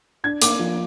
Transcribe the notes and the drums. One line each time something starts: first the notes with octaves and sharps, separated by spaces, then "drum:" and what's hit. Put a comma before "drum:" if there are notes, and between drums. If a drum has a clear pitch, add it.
D4 G#6
A#3 D6, drum: hi-hat
F3